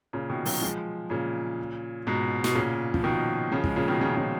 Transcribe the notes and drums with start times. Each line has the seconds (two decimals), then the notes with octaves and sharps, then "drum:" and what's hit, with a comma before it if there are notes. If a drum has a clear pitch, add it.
0.13 A#2 C#3
0.29 B2 D#3
0.46 D#3 F#3, drum: open hi-hat
0.61 F3 G#3
1.10 A#2 C#3
2.07 G#2 B2
2.44 B2, drum: snare
2.55 A#2 C#3
2.94 F3, drum: kick
3.04 B2 D#3
3.52 C#3 F3
3.64 F3 G#3, drum: kick
3.76 A#2 C#3
3.88 B2 D#3
4.01 C#3 F3
4.16 C#3 F3